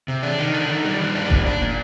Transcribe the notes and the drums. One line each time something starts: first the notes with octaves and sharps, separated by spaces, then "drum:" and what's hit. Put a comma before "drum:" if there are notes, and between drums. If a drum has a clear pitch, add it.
C3
D4
D#3
D4
D#3
G3
D#3
D4
A#2, drum: kick F#1
D4
A#2